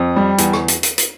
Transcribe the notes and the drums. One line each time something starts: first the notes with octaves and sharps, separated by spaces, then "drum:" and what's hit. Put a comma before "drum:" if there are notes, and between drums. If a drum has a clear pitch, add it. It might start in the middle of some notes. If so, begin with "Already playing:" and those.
Already playing: F2
G3
E2, drum: hi-hat
drum: rim click
drum: hi-hat
drum: hi-hat
drum: hi-hat